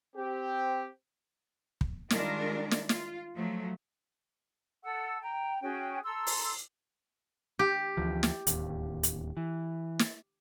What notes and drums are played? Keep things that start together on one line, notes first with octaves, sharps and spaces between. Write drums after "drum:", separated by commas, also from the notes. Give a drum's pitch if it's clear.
C4 G4
drum: kick
D#3 G3 G#3 D4 F4 A#4, drum: snare
drum: snare
F4, drum: snare
F3 F#3 A3
A4 F#5 E6
G5 A#5
C#4 F#4 G#4 G5
A4 A#5 C6 E6
drum: open hi-hat
G4
D2 E3 F3
drum: snare
D1 D#2, drum: hi-hat
drum: hi-hat
E3
drum: snare